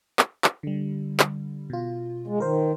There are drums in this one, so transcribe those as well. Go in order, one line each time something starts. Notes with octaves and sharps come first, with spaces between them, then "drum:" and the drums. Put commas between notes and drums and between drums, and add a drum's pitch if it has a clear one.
drum: clap
drum: clap
D3 G3
drum: clap
B2 F4
G#3
D#3 A#4 C5